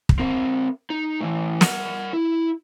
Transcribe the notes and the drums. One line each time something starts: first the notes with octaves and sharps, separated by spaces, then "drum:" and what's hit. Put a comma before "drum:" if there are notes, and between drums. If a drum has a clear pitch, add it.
drum: kick
C4 A#4
D#4
A2 E3
A#4 F#5, drum: snare
E4